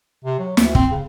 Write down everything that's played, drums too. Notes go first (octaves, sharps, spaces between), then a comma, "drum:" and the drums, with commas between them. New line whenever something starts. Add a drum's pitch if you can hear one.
C3
F#3
D2, drum: snare
C4, drum: kick
C#3